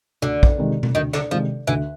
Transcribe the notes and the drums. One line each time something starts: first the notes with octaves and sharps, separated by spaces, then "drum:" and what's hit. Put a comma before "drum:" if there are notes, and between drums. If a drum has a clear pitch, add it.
D2 D3
drum: kick
C3 D#3 G#3
drum: tom B2
D2 D#3
D3, drum: rim click
C3 D#3 F3 G#3
D2 E3